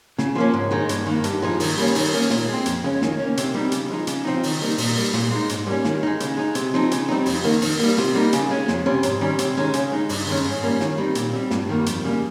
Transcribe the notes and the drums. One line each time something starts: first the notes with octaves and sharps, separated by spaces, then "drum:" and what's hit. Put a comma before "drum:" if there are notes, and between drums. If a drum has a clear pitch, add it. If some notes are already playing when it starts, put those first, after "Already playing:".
C#3, drum: snare
F3 A#3 C#4
G#2
D#3 G#3 D#4
G2, drum: hi-hat
D#3 A#3
G2, drum: hi-hat
F3 G#3 D#4
D#3, drum: open hi-hat
G3 A#3 C#4
D#3, drum: open hi-hat
A#3 C#4
A#2, drum: snare
G#3 C4
F2, drum: hi-hat
C#3 G#3 C#4
D#3, drum: snare
A#3 C#4
C3, drum: hi-hat
G3 C4 D#4
C#3, drum: hi-hat
F3 G#3 D#4
C#3, drum: hi-hat
F3 C4 D#4
D#3, drum: open hi-hat
G3 A#3 D#4
A#2, drum: open hi-hat
G3 A#3
A#2, drum: snare
G#3 D#4
G#2, drum: hi-hat
G3 A#3 C#4
D#3, drum: snare
G#3 D#4
C#3, drum: hi-hat
G#3 D#4
C3, drum: hi-hat
F3 C4 D#4
C#3, drum: hi-hat
G3 C4 D#4
F2, drum: open hi-hat
D#3 A#3
D#3, drum: open hi-hat
G3 A#3
C3, drum: snare
G3 A#3 D#4
C#3, drum: hi-hat
G#3 C#4
F2, drum: snare
C3 G3 C#4
G#2, drum: hi-hat
D#3 G3 C#4
C3, drum: hi-hat
D#3 G#3 C#4
C#3, drum: hi-hat
G#3 D#4
G2, drum: open hi-hat
D#3 G#3 C#4
G#2
G3 A#3 C#4
D#3, drum: snare
G3 C4 D#4
A#2, drum: hi-hat
G3 C4
G2, drum: snare
D#3 G3 A#3
F2, drum: hi-hat
C#3 G3 A#3